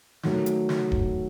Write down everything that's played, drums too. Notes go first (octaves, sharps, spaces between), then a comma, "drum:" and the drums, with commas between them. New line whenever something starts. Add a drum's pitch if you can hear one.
D#3 F#3 A3, drum: snare
drum: hi-hat
drum: snare
drum: kick D#1